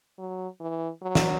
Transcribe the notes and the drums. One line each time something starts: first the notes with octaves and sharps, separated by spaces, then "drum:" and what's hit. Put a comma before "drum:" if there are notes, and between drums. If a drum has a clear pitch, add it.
F#3
E3
F#3
drum: snare